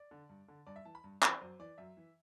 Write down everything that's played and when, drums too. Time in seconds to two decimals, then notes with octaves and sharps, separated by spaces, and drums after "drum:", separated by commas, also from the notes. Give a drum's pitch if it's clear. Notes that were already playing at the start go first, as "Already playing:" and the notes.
Already playing: D5
0.11 D3
0.29 G2
0.48 D3
0.67 G2 D5
0.76 E5
0.85 E3 A5
0.95 B5
1.04 G2
1.22 E3 D5, drum: clap
1.41 F#2 C5
1.59 E3 D5
1.78 F#2 E5
1.97 E3